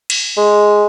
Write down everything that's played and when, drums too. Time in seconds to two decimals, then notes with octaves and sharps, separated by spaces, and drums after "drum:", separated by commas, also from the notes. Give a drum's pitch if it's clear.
0.10 drum: cymbal
0.37 G#3